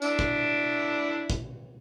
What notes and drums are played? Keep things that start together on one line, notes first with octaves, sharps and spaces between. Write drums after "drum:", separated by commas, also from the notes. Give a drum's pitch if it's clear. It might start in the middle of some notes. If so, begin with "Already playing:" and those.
D4 E4, drum: tambourine
drum: kick
drum: kick